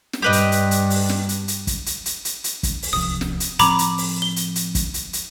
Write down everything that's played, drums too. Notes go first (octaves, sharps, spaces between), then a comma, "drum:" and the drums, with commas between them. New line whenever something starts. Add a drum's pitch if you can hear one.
drum: snare
G2 G4 B4 D#5
drum: hi-hat
drum: hi-hat
drum: hi-hat
drum: open hi-hat
drum: snare
drum: hi-hat
drum: hi-hat
drum: kick, hi-hat
drum: hi-hat
drum: hi-hat
drum: hi-hat
drum: hi-hat
drum: kick, hi-hat
drum: open hi-hat
D1 C2 F3 D#6
drum: snare
drum: hi-hat
A2 F3 C4 A#5 B5 D6, drum: hi-hat
drum: hi-hat
drum: open hi-hat
G7
drum: hi-hat
drum: hi-hat
drum: kick, hi-hat
drum: hi-hat
drum: hi-hat